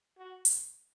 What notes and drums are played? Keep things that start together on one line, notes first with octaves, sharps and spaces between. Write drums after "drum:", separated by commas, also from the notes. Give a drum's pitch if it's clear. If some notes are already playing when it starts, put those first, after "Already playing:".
F#4
drum: hi-hat